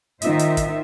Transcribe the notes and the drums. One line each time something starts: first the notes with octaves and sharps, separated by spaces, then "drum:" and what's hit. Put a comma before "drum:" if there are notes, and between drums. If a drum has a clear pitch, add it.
D#3 D#4 F4 C5 E5, drum: hi-hat
drum: hi-hat
drum: kick, hi-hat